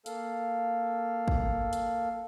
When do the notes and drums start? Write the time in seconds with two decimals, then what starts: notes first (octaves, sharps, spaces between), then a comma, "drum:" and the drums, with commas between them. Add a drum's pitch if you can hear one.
0.06 A#3 A4 F5, drum: hi-hat
1.28 drum: kick
1.73 drum: hi-hat